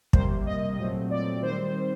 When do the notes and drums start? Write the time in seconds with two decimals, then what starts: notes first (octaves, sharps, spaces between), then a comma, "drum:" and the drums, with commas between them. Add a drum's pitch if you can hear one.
0.13 C3 G3 A#3 C5, drum: kick
0.46 D#5
0.77 A#2 F#3 A3 C4 D#5
1.11 D5
1.42 D#3 G3 C4 C5